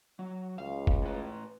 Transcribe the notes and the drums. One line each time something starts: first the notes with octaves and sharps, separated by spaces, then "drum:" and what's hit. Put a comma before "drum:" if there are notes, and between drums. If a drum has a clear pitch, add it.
F#3
C#2 F5
drum: kick F#1
A2 B4